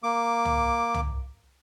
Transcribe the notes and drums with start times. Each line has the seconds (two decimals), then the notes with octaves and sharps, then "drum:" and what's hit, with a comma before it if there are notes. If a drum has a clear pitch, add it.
0.03 A#3 D6
0.45 drum: tom
0.94 drum: tom